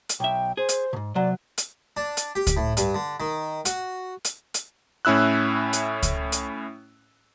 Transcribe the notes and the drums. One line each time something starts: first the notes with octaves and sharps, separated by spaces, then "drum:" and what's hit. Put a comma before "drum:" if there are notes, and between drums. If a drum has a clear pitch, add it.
drum: hi-hat
B1 E5 G5
G#4 C5
drum: hi-hat
G#2 B2
C3 F#3 D5
drum: hi-hat
D4
drum: hi-hat
G4
drum: kick C#2, hi-hat
A2
G2, drum: hi-hat
D3
D#3
F#4, drum: hi-hat
drum: hi-hat
drum: hi-hat
A2 C#4 E4 E6 F#6
drum: hi-hat
drum: kick C#2, hi-hat
drum: hi-hat